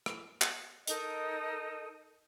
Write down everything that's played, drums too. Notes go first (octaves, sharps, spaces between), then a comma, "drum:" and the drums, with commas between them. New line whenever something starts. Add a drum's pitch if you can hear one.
drum: rim click
drum: clap
D#4 A4 A#4 D#5, drum: hi-hat